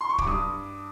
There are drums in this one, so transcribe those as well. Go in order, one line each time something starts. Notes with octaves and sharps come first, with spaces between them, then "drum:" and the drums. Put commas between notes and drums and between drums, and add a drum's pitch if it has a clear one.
C6
C#6
D6, drum: kick
G2 D#6